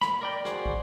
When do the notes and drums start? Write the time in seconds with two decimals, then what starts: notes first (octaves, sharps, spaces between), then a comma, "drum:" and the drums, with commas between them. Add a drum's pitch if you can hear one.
0.01 B5, drum: snare
0.21 A#4 D5 G5
0.45 F#4 G#4 C5 D5, drum: snare
0.66 drum: kick